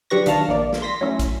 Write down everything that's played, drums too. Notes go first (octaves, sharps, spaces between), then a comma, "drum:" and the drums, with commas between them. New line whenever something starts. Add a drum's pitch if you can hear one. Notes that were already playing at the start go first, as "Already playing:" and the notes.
F#3 D4 G4 B4 C#6 A#6
B1 D#3 D4 F5 A5 F6, drum: hi-hat
A#1 E2 A#3 D5
drum: snare
C6 A#6 B6
F#3 A3 C#4 E4
drum: kick, hi-hat